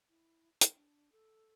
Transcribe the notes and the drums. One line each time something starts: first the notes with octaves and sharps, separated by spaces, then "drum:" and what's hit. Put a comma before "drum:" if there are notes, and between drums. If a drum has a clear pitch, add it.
E4
A#4, drum: hi-hat
D4
A4